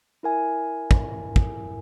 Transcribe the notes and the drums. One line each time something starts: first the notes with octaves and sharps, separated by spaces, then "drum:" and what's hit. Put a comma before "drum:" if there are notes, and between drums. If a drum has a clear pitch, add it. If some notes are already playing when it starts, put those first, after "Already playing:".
E4 A#4 E5 G#5
drum: kick
drum: kick